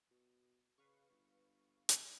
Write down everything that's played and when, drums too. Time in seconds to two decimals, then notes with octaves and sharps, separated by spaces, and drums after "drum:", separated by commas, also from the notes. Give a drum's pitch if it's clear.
0.11 B2
0.78 C#3 B4 F5 C#6
1.10 G1
1.89 drum: hi-hat